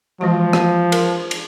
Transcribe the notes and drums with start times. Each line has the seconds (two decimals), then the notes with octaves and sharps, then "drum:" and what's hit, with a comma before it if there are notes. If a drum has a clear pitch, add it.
0.21 E3 F3 G#3 F#4
0.53 drum: rim click
0.92 A#4, drum: cymbal
1.31 drum: cymbal